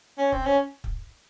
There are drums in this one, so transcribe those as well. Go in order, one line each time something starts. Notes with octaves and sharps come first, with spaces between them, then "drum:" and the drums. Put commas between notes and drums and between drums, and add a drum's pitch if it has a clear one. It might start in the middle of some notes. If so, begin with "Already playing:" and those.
C#4
C4, drum: kick
C#4
drum: kick